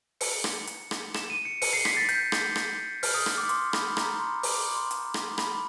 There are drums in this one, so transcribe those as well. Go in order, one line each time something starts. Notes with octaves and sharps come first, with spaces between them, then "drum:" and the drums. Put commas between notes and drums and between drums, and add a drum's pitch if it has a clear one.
C#7, drum: open hi-hat
drum: rim click
drum: hi-hat
drum: rim click
E7, drum: rim click
D#7
C#7
C#7, drum: open hi-hat
C7
B6, drum: rim click
A6
G6, drum: hi-hat
drum: rim click
drum: rim click
F6, drum: open hi-hat
D#6
drum: rim click
D6
C6, drum: hi-hat
B5, drum: rim click
A#5, drum: rim click
C6
D6, drum: open hi-hat
D6
C6
drum: hi-hat
drum: rim click
B5, drum: rim click